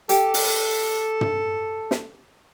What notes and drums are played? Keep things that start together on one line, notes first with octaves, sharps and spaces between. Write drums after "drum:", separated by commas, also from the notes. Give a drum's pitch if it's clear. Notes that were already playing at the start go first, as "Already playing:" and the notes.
G4 A4, drum: hi-hat
drum: open hi-hat
drum: tom
drum: snare